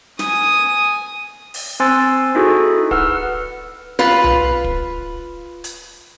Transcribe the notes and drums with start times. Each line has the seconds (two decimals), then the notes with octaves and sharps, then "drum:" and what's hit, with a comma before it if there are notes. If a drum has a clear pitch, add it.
0.19 G#5 D#6, drum: snare
1.54 drum: open hi-hat
1.80 C4 C5 G#5 C6 E6 A6
2.35 D#4 E4 F#4 G#4 A4
2.91 B4 F#5 E6 F6, drum: kick
3.99 F4 B4
4.24 drum: tom B1
4.64 drum: kick
5.64 drum: hi-hat